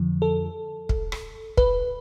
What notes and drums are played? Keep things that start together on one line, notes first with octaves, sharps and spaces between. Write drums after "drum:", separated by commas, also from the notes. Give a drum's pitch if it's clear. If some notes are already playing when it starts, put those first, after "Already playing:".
Already playing: F2 D3 F3
A4
drum: kick
drum: rim click
B4, drum: kick